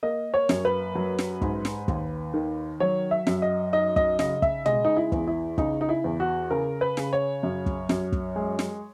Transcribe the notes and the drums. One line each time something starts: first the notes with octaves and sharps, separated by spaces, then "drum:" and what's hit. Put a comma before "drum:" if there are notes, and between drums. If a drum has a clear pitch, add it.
A#3 D#5
C#5
F#2, drum: snare
B4
F#3
drum: snare
G#2, drum: kick
drum: snare
D#2, drum: kick
D#3
F#3 C#5
E5
F#2, drum: snare
D#5
D#4 D#5
D#5, drum: kick
C#3 D#5, drum: snare
E5, drum: kick
G#3 D#5, drum: tom
D#4
E4
E2, drum: kick
E4
C#3 D#4, drum: kick
D#4
E4
E2
F#4
C#3 A#4
B4
C#3, drum: snare
C#5
F#2
drum: kick
F#2, drum: snare
drum: kick
G#3
drum: snare